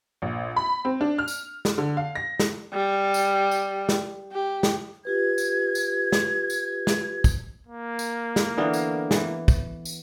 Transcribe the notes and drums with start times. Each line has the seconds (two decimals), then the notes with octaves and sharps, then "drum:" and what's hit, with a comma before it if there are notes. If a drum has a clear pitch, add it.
0.22 A#1
0.56 B5
0.85 C4
1.01 D4
1.18 F6
1.28 drum: tambourine
1.65 drum: snare
1.78 D3
1.97 F5
2.15 A#6
2.40 drum: snare
2.73 G3
3.14 drum: tambourine
3.51 drum: tambourine
3.89 drum: snare
4.32 G4
4.63 drum: snare
5.05 F4 G4 B4 G#6
5.38 drum: tambourine
5.75 drum: tambourine
6.12 drum: snare
6.50 drum: tambourine
6.87 drum: snare
7.24 drum: kick, tambourine
7.67 A#3
7.99 drum: tambourine
8.36 drum: snare
8.57 D3 E3 B3
8.74 drum: tambourine
9.11 E3, drum: snare
9.48 drum: kick, tambourine
9.85 drum: tambourine